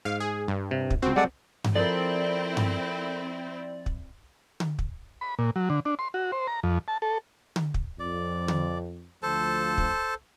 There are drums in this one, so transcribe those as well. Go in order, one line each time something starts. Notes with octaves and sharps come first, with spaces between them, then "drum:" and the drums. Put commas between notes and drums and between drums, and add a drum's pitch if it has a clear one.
G#2 F5
G#4
G2
C3
drum: kick
C#2 C4 F#4
G3 G#3 A4 D5 F#5
drum: tom G2
F3 C4 E4 A4 A#4 D5
drum: tom G2
drum: kick
drum: tom D3
drum: kick
B5
A#2
F#3
D3
D4
C6
F#4
C5
A#5
F2
A5
A4
drum: tom D3
drum: kick
F2 D5
drum: tom D3
D2 F3 A4 C5 A5
drum: kick